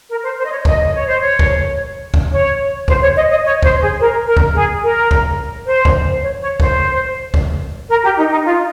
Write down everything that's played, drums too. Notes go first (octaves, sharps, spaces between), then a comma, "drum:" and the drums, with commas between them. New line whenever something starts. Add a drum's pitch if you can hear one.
A#4
C5
C5
D#5
C#5
D#5, drum: kick
C#5
C5
C#5
drum: kick
drum: kick
C#5
C5, drum: kick
C#5
D#5
D#5
C#5
C5, drum: kick
G#4
A#4
A#4
drum: kick
G#4
A#4
drum: kick
C5
drum: kick
C#5
C#5
C5, drum: kick
drum: kick
A#4
G4
D#4
D#4
F4